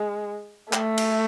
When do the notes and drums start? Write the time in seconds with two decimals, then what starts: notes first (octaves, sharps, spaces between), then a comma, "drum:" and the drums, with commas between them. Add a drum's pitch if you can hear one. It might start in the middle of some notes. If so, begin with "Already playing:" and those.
Already playing: G#3
0.73 A3, drum: clap
0.98 drum: cymbal